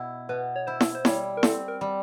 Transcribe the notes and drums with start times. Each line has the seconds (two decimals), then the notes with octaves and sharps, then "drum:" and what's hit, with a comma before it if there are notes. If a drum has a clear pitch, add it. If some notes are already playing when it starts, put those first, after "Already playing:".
Already playing: B2 E4
0.29 B2 B4
0.56 C#5
0.67 E4 C5
0.81 drum: snare E4
0.95 C5
1.05 G3 C#5, drum: snare E4
1.37 A#4
1.43 C4 A4, drum: snare E4
1.68 A#4
1.81 G3